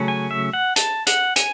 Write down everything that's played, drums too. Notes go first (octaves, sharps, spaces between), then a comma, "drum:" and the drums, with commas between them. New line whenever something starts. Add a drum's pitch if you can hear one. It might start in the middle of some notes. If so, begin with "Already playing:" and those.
Already playing: C#3 F#3 A3 C#4
G#5
E5
F#5
A5, drum: hi-hat
F#5, drum: hi-hat
G#5, drum: hi-hat